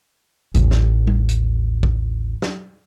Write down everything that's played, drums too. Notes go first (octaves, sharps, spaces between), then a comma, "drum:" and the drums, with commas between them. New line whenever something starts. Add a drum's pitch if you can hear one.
A1 D#2, drum: hi-hat
drum: snare
drum: tom G3
drum: hi-hat
drum: kick A1
drum: snare